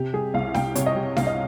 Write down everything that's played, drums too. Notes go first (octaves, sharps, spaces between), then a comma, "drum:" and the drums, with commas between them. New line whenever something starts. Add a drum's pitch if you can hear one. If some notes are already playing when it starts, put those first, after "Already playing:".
Already playing: C3 G4
G3 G#4
C2 F5
C2 G5, drum: snare D4
C3 C#5, drum: hi-hat
D#5
G3
C2 F5, drum: snare D4
D#5